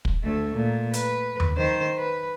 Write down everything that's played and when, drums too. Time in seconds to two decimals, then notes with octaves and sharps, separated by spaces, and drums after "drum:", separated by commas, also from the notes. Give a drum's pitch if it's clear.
0.05 drum: kick
0.23 D2 A3
0.56 A#2
0.93 B4, drum: hi-hat
1.40 drum: tom D#2
1.57 D#3 C5
1.98 B4